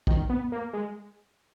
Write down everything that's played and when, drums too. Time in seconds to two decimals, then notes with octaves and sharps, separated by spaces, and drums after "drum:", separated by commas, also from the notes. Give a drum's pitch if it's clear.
0.07 D#3, drum: kick
0.29 B3
0.52 A#3
0.73 G#3